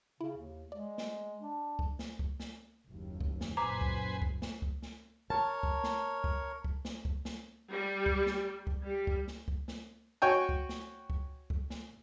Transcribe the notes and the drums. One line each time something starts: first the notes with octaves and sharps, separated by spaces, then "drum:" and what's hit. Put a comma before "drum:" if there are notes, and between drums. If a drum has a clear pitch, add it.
C#3 E4
D#2
G#3 D5
drum: snare
D4
drum: kick C#2
drum: snare
drum: kick C#2
drum: snare
F#1 D#2
drum: kick C#2
drum: snare
F#1 F#2 A#2 B4 C5 G#5 A#5 D6
drum: kick C#2
drum: kick C#2
drum: snare
drum: kick C#2
drum: snare
A#4 C#5 A5
drum: kick C#2
drum: snare
drum: kick C#2
drum: kick C#2
drum: snare
drum: kick C#2
drum: snare
G3
drum: kick C#2
drum: snare
drum: kick C#2
G3
drum: kick C#2
drum: snare
drum: kick C#2
drum: snare
F#4 C#5 G5 G#5
drum: kick C#2
drum: snare
drum: kick C#2
drum: kick C#2
drum: snare